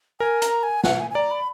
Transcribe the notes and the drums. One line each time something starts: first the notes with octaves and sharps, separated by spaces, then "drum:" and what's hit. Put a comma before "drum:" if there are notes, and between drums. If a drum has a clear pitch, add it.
A#4 G#5
A#5, drum: hi-hat
G#5
F#5, drum: snare
G#5
G#5
D5 A#5
B5